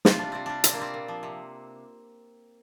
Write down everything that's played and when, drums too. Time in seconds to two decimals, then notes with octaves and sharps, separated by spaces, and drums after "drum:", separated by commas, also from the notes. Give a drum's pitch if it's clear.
0.05 C3 F4, drum: snare
0.19 G3 D4
0.32 C3 C4
0.46 G3 D4
0.64 C3 C4, drum: hi-hat
0.73 A#3
0.79 G3 C4
0.94 A#2
1.08 F3
1.23 C3